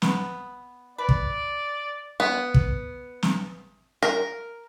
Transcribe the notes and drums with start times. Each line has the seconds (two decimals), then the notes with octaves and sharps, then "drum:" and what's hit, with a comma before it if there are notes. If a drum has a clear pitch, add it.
0.02 B3, drum: snare
0.98 B4 D5
1.09 drum: kick
2.20 B3
2.54 drum: kick
3.23 drum: snare
4.02 A#4